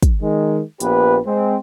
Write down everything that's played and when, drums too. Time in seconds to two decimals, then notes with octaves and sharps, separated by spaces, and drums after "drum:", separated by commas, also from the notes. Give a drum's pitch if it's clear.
0.03 drum: kick, hi-hat
0.22 D#3 G#3
0.80 A#1 B3 G4 B4, drum: hi-hat
1.26 G#3 C4